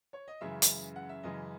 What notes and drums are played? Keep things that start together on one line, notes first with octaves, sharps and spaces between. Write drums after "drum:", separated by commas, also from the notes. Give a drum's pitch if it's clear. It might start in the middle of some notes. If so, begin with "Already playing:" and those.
C#5
D#5
F#2 C#3 E3 G#3 E5
drum: hi-hat
F#5
E5
F#2 C#3 E3 G#3 D#5